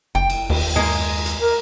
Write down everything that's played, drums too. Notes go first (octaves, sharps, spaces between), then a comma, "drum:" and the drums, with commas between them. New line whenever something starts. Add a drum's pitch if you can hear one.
F#1 G5
drum: cymbal
D#2, drum: cymbal
G#3 A#3, drum: tom
drum: hi-hat
A#4